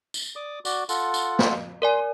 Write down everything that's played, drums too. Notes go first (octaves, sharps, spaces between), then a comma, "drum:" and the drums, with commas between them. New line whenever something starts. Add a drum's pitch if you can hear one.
drum: tambourine
D5 D6 D#6
F#4 D5, drum: tambourine
F4 A4 F#5, drum: tambourine
drum: tambourine
drum: snare
A#4 D5 G#5 C6